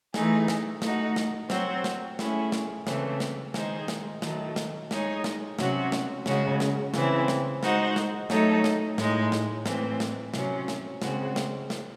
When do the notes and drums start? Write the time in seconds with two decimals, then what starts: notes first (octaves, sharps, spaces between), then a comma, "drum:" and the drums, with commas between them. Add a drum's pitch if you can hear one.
0.14 E3 A3 D#4 G#4, drum: snare
0.48 drum: snare
0.82 A3 D#4 F#4, drum: snare
1.16 drum: snare
1.50 F#3 C4 F#4 C5, drum: snare
1.84 drum: snare
2.19 A3 C#4 E4 G#4, drum: snare
2.52 drum: snare
2.87 C#3 E3 A3 C4, drum: snare
3.20 drum: snare
3.54 D#3 G#3 D#4 G#4 C5, drum: snare
3.88 drum: snare
4.22 D#3 F#3 A3, drum: snare
4.56 drum: snare
4.91 G#3 D#4 G#4 C#5, drum: snare
5.24 drum: snare
5.59 C3 F#3 C#4 F#4, drum: snare
5.92 drum: snare
6.26 C#3 G#3 C#4 F#4, drum: snare
6.60 drum: snare
6.94 C#3 E3 C4 E4, drum: snare
7.28 drum: snare
7.63 G#3 D#4 F#4 C5, drum: snare
7.96 drum: snare
8.30 F#3 A3 D#4 A4 C#5, drum: snare
8.64 drum: snare
8.98 A2 G#3 D#4, drum: snare
9.32 drum: snare
9.66 A2 E3 C4, drum: snare
10.00 drum: snare
10.34 C3 F#3 C#4, drum: snare
10.68 drum: snare
11.02 C#3 G#3 C4 F#4, drum: snare
11.36 drum: snare
11.70 drum: snare